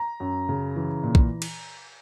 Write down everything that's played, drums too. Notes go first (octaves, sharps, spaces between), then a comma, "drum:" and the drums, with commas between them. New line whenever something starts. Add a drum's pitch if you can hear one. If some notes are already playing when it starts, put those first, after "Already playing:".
Already playing: A#5
F#2
C#3
E3
A#2
drum: kick
drum: cymbal